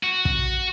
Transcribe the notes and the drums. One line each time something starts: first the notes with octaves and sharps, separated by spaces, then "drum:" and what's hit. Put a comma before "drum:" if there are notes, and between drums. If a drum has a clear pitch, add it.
F#4
drum: kick